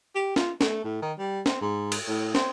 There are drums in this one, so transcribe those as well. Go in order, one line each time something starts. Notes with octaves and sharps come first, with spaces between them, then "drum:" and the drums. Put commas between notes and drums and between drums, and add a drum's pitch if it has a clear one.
G4
F4, drum: snare
A3, drum: snare
A2
D#3
G3
C4, drum: snare
G#2
drum: cymbal
A2
C4, drum: snare